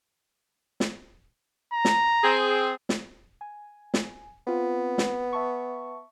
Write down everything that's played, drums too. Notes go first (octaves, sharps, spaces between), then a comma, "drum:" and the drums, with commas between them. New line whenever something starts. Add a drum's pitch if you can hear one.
drum: snare
A#5
drum: snare
C4 G#4
drum: snare
G#5
drum: snare
B3 C4 F4
drum: snare
E5 A5 C#6